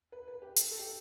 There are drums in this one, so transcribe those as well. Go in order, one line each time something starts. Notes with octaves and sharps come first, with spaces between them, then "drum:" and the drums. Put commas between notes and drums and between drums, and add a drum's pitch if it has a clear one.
B4
B4
G4
A4, drum: hi-hat
A4
G4